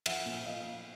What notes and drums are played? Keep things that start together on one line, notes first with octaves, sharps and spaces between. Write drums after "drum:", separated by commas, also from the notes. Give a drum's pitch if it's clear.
F3 E5 F#5, drum: cymbal
A#2
F3 D#5 F5
A#2